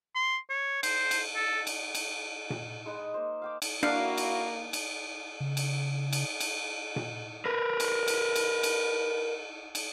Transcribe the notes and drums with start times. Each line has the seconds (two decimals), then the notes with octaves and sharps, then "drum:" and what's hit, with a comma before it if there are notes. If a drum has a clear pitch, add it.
0.15 C6
0.50 C#5
0.83 C5, drum: cymbal
1.11 drum: cymbal
1.36 A4
1.67 drum: cymbal
1.95 drum: cymbal
2.50 drum: tom A#2
2.86 G#3 D#4 B4
3.14 A#3 C5
3.42 F5 G5 D6
3.62 drum: cymbal
3.83 A#3 D4 E4 F#4 F5
4.17 drum: cymbal
4.73 drum: cymbal
5.40 C#3
5.57 drum: cymbal
6.13 drum: cymbal
6.40 drum: cymbal
6.96 drum: tom A#2
7.46 A#4 B4
7.80 drum: cymbal
8.08 drum: cymbal
8.35 drum: cymbal
8.63 drum: cymbal
9.75 drum: cymbal